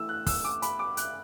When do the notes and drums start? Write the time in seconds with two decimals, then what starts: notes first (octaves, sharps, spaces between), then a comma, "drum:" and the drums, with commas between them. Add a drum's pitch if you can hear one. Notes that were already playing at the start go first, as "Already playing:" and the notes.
Already playing: E3 A3 E4 E6
0.09 F#6
0.26 E6, drum: kick, open hi-hat
0.44 D6
0.62 B5, drum: hi-hat
0.79 D6
0.97 F#6, drum: hi-hat